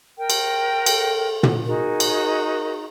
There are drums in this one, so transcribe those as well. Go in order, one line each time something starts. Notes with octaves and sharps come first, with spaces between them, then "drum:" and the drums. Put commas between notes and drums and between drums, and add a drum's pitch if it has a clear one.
A#4 G5
drum: cymbal
A4, drum: cymbal
drum: tom
D#4 F#4 G#4 A#4
drum: cymbal